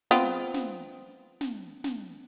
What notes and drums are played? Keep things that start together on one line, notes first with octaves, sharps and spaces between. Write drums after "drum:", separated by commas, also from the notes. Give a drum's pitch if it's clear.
B3 C4 F4, drum: snare
drum: snare
drum: snare
drum: snare